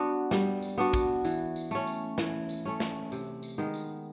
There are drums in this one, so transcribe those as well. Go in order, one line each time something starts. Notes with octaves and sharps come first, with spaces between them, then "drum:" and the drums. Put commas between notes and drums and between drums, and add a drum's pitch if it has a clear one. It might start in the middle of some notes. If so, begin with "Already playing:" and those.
Already playing: B3 D4 F#4
G3, drum: snare
drum: tambourine
B3 D4 F#4
drum: kick, tambourine
E3, drum: tambourine
drum: tambourine
A3 C#4
drum: tambourine
E3, drum: snare
drum: tambourine
A3 C#4
drum: snare
C3, drum: tambourine
drum: tambourine
D#3 G#3 B3
drum: tambourine